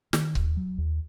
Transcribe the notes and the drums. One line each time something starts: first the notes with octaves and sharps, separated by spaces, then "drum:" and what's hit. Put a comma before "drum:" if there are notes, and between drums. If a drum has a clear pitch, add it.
D#3, drum: snare
D#2, drum: kick C#1
F#3
D#2